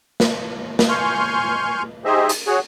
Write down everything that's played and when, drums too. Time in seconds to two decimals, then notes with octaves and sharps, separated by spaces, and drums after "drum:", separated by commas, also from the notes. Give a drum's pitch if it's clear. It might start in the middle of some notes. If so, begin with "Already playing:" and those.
0.20 drum: snare
0.79 drum: snare
0.89 G#5 C6 C#6 F6 G6
2.05 D#4 G4 G#4 C5 D#5 E5
2.29 drum: hi-hat
2.47 F#4 G#4 C#5